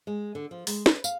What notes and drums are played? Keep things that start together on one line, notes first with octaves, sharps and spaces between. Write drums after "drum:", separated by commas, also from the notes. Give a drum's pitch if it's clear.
G#3
D3
F3
G#3, drum: open hi-hat
B4, drum: snare
F5, drum: tambourine